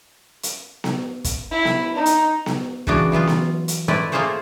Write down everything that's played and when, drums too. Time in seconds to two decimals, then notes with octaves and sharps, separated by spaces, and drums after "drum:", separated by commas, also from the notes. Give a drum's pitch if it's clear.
0.43 drum: hi-hat
0.84 drum: snare B3
1.24 drum: kick, hi-hat
1.51 E4
1.65 drum: snare B3
1.96 D#4
2.06 drum: hi-hat
2.46 drum: snare B3
2.87 A#2 C#3 E3 B3 D4 F#4, drum: kick
3.12 E3 F#3 B3 F4
3.27 drum: snare B3
3.68 drum: hi-hat
3.88 A3 C4 E4 B4 D5
4.12 A3 A#3 F4 G#4 C5 C#5